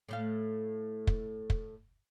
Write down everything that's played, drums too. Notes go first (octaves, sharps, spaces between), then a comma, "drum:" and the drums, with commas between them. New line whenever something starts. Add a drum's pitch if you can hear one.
A2 A3 F5
drum: kick
drum: kick